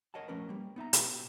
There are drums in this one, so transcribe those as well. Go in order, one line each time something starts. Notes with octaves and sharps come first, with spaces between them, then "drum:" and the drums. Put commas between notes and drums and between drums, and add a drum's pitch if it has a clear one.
A#4 C#5 D#5 F#5 A5
F3 A3 C#4 A#4 B4
G3 A#3
B3 D#4 E5 A#5
B2 B3 G4, drum: hi-hat